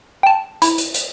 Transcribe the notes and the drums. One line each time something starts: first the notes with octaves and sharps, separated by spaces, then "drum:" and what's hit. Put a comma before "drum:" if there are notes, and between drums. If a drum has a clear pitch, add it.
G5 A5
E4, drum: hi-hat
drum: hi-hat
drum: hi-hat